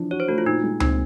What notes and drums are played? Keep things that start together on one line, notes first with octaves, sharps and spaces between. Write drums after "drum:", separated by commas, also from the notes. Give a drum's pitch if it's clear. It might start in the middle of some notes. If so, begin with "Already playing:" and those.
Already playing: E3 F3 D4
F#4 C#5
C5
A3 F#4
F4
A#2 D#4
G#3
C4 D#4, drum: tom C#2